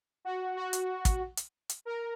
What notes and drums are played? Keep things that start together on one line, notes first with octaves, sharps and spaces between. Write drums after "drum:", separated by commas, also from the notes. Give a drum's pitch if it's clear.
F#4
F#4
drum: hi-hat
drum: kick, hi-hat
drum: hi-hat
drum: hi-hat
A#4